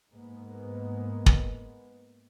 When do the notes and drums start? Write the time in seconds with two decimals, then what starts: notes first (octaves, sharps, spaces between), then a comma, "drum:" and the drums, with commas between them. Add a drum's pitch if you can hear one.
0.11 G#2 G#3 A#3 B3
1.26 drum: kick